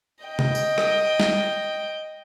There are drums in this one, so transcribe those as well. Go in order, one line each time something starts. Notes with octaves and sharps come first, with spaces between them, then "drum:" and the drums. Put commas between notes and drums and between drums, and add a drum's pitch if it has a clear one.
D#5 G5
drum: tom C3
drum: tambourine
drum: rim click
drum: snare